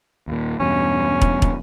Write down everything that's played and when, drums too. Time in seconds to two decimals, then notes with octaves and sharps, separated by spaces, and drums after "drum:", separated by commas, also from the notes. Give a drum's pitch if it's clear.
0.28 D#2 A#2
0.60 E2 G2 B2 C#4
1.21 drum: kick
1.42 drum: kick